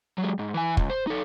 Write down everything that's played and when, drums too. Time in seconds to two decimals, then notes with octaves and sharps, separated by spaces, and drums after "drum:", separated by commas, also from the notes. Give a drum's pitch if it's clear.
0.18 F#3 G#3
0.39 G#2
0.54 E3 G#5
0.77 C#2, drum: kick
0.90 C5
1.07 D#4 A4